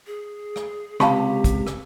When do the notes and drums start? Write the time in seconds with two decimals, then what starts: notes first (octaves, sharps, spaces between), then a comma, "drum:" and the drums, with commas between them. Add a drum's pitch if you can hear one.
0.07 G#4
0.56 drum: rim click
1.00 C#2 C3 G4 F5 A5 B5 C#6, drum: rim click
1.44 drum: kick, hi-hat
1.67 drum: rim click